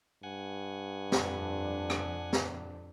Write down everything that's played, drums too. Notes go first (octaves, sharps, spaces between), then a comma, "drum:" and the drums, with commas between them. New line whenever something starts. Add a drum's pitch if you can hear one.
G2 F#5 G#5
F2 D4, drum: snare
drum: rim click
drum: snare